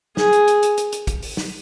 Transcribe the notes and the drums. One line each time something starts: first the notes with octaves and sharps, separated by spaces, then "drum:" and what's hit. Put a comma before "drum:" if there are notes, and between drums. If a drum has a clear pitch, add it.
G#4, drum: snare
drum: hi-hat
drum: hi-hat
drum: hi-hat
drum: hi-hat
drum: hi-hat
drum: kick, hi-hat
drum: open hi-hat
drum: snare